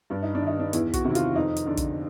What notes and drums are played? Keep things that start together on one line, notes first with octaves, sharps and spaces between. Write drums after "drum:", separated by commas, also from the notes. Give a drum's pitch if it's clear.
G2 D4
D#4
D4
D#3 D#4
D4
E2 E4, drum: hi-hat
F#4, drum: kick, hi-hat
C3 D#3 E4
F4, drum: hi-hat
F2 D#4
drum: hi-hat
D3 D4
drum: kick, hi-hat